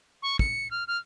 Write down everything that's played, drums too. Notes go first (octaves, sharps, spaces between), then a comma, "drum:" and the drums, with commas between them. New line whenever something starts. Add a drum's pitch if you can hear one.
C#6
C#7, drum: kick
F6
F6